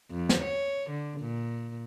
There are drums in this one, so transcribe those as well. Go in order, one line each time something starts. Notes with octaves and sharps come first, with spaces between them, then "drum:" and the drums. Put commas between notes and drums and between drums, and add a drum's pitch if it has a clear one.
F2
drum: snare
C#5
D3
A#2